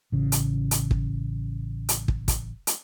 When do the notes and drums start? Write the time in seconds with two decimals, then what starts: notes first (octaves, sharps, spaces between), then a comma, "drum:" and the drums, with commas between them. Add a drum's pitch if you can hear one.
0.12 A1 C#3
0.32 drum: hi-hat
0.71 drum: hi-hat
0.91 drum: kick
1.89 drum: hi-hat
2.08 drum: kick
2.28 drum: kick, hi-hat
2.67 drum: hi-hat